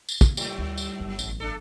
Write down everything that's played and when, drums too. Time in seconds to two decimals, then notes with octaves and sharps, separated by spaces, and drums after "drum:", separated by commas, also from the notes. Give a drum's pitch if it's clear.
0.09 drum: tambourine
0.21 D3 A#3, drum: kick, tambourine
0.37 D#2 G#2 G3, drum: tambourine
0.58 D2
0.78 drum: tambourine
1.00 G1 F#3
1.19 A1, drum: tambourine
1.40 A3 D4 A4